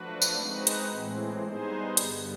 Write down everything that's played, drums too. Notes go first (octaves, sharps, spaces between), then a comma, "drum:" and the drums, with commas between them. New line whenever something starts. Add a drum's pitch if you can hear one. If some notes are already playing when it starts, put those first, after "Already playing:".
Already playing: F3 A3 D4 F#4 B4
drum: tambourine
G#3 C4 D#4 F#4 B4
drum: hi-hat
A2 E3 G#3 C4
G3 B3 D#4 G#4 C5
G2 D3 G3 B3, drum: hi-hat